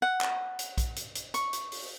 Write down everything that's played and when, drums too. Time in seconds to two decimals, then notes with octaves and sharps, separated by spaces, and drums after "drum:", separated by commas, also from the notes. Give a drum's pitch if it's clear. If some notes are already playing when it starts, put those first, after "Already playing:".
0.02 F#5
0.21 drum: clap
0.59 drum: hi-hat
0.78 drum: kick A#1, hi-hat
0.96 drum: hi-hat
1.15 drum: hi-hat
1.34 C#6, drum: hi-hat
1.53 drum: hi-hat
1.72 drum: open hi-hat